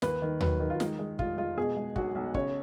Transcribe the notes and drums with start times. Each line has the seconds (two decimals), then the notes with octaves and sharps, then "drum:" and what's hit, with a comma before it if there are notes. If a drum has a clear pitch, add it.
0.02 D#2 B4, drum: snare
0.22 D#3
0.40 F#3 B4, drum: tom D#2
0.60 D#3
0.70 F4
0.80 G#3 D#4, drum: snare
0.99 G#3
1.19 F1 F4, drum: kick
1.38 G#3 F4
1.57 B2 G#4
1.77 G#3
1.96 B1 F#4, drum: kick
2.15 B1
2.34 C#3 C#5, drum: kick